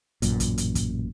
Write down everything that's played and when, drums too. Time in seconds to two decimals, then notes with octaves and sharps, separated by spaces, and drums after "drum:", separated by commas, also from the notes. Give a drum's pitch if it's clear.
0.22 A1 F#2 A#2, drum: hi-hat
0.40 drum: kick, hi-hat
0.58 drum: hi-hat
0.75 drum: kick, hi-hat